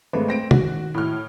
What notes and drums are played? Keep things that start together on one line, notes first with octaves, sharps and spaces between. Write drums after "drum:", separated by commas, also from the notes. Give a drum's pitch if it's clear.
G#1 G#3 A3 B4
C4 A#6 D7
D#3 F#4, drum: tom C3
A2 F6